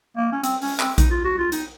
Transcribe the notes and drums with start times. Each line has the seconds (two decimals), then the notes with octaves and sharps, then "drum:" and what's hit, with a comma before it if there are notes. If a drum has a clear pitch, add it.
0.17 A#3
0.32 C#4
0.44 C4, drum: hi-hat
0.62 C#4, drum: open hi-hat
0.80 C4, drum: clap
0.98 D#4, drum: kick A#1, hi-hat
1.11 F4
1.25 F#4
1.38 F4
1.52 D#4, drum: hi-hat